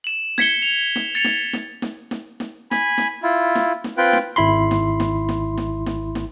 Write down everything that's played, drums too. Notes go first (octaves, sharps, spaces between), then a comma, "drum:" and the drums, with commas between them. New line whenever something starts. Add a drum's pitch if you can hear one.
E7 F#7
G#6 B6 C#7 G7, drum: snare
F7
drum: snare
A6 C#7 F7
drum: snare
drum: snare
drum: snare
drum: snare
drum: snare
G#5 B5, drum: snare
drum: snare
E4 F4
drum: snare
drum: snare
C4 F4 B4 G5
drum: snare
G#1 E4 B5 C6
drum: snare
drum: snare
drum: snare
drum: snare
drum: snare
drum: snare